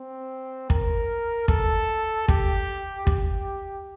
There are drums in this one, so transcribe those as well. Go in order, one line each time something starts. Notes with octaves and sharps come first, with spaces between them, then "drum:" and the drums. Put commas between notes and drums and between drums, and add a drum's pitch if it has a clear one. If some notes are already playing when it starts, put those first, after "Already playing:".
Already playing: C4
A#4, drum: kick
A4, drum: kick
G4, drum: kick
G4, drum: kick